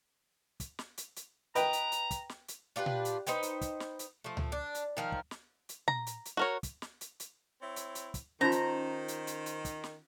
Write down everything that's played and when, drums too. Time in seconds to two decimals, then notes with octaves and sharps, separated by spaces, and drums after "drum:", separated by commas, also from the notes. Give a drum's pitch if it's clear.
0.60 drum: kick, hi-hat
0.79 drum: snare
0.97 drum: hi-hat
1.16 drum: hi-hat
1.55 B4 D#5 G5 A#5, drum: hi-hat
1.73 drum: hi-hat
1.92 drum: hi-hat
2.11 drum: kick, hi-hat
2.29 drum: snare
2.48 drum: hi-hat
2.76 D4 F4 G4 B4
2.86 drum: tom A#2
3.05 drum: hi-hat
3.27 D#4 B4 C5 G5, drum: hi-hat
3.43 drum: hi-hat
3.61 drum: kick, hi-hat
3.80 drum: snare
3.99 drum: hi-hat
4.24 F3 A3
4.37 drum: tom C#2
4.52 D4
4.75 drum: hi-hat
4.97 D#3 F3 A#4
5.12 drum: kick
5.31 drum: snare
5.69 drum: hi-hat
5.88 A#5, drum: tom A#2
6.07 drum: hi-hat
6.25 drum: hi-hat
6.37 F#4 A#4 C#5
6.63 drum: kick, hi-hat
6.82 drum: snare
7.01 drum: hi-hat
7.20 drum: hi-hat
7.61 C4 E4 C#5
7.76 drum: hi-hat
7.95 drum: hi-hat
8.14 drum: kick, hi-hat
8.41 D#3 C#4 D#4 F4 C5 A#5
8.52 drum: hi-hat
9.08 drum: hi-hat
9.27 drum: hi-hat
9.46 drum: hi-hat
9.65 drum: kick, hi-hat
9.84 drum: snare